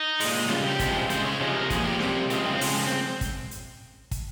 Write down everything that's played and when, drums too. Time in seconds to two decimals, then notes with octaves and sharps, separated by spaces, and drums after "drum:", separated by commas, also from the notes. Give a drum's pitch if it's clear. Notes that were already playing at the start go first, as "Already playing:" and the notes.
Already playing: D#4
0.20 A#2 G#3, drum: open hi-hat
0.49 C#3 G3 F4, drum: snare C#4
0.65 G4
0.79 C3 F3 G#3, drum: kick, hi-hat
1.10 C#3 G#3 C5, drum: hi-hat
1.25 C#5
1.41 C3 F3 G#3
1.56 A#4
1.70 A#2 F3 G#4, drum: kick, hi-hat
1.85 G4
2.00 C3 G3 C4, drum: snare C#4
2.30 C#3 F3 G#3 C4, drum: hi-hat
2.46 C4
2.61 C#3 F3 G#3, drum: open hi-hat
2.91 drum: snare C#4
3.21 drum: kick, hi-hat
3.51 drum: hi-hat
4.11 drum: kick, hi-hat